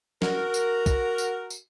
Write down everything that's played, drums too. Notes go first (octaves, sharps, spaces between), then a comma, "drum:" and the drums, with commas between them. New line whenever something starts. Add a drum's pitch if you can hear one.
F#4 A#4, drum: snare
drum: tambourine
drum: kick, tambourine
drum: tambourine
drum: tambourine